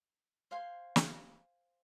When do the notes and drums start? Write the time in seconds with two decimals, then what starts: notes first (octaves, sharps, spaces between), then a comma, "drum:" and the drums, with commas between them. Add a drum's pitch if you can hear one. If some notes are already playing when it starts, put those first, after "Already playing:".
0.51 C5 F5 G#5 C6
0.96 drum: snare